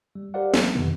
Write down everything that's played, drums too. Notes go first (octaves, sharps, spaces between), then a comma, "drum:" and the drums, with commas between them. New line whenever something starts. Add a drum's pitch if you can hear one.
G3
G4 A#4 C5 D5 F5 F#5
E3 F#3, drum: snare
F2 C3 D#3 B3